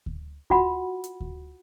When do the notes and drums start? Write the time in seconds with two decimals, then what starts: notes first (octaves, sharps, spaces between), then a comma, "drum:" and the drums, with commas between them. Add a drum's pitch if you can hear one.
0.06 drum: kick D2
0.50 F4 F#4 F#5 B5, drum: kick D2
1.04 drum: hi-hat
1.20 drum: kick D2